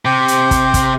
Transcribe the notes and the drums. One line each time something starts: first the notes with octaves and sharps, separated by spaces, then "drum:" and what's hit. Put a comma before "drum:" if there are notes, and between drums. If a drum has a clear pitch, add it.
C3 G4 C5
drum: hi-hat
drum: kick, hi-hat
drum: kick, hi-hat